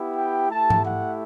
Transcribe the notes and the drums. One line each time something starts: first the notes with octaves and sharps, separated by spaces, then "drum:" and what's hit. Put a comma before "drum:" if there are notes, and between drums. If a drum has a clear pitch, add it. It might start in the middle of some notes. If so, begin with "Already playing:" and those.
Already playing: B3 E4 G4
G5
A3 E4 G4 A5
drum: tom G#2
F#5